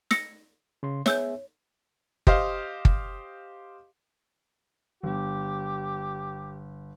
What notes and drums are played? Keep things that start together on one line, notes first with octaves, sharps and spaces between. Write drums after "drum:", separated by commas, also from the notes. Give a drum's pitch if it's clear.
E6 A#6 C#7, drum: snare
C#3 C6
B3 G#4 C#5 E5 E6 G6, drum: snare
G4 C5 D#5 F5, drum: kick
drum: kick
G1 G4